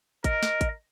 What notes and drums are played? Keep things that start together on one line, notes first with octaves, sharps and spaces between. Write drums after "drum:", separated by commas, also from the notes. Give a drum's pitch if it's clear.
A#4 D#5, drum: kick, hi-hat
drum: snare
drum: kick, hi-hat